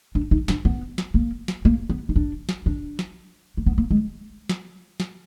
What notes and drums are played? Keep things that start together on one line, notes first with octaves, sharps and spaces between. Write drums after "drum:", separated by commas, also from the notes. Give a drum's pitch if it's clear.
D4
D#4
D4, drum: snare
B3
drum: snare
A#3
drum: snare
A#3
B3
D#4
D4
drum: snare
D4
drum: snare
A#3
B3
A#3
G#3
drum: snare
drum: snare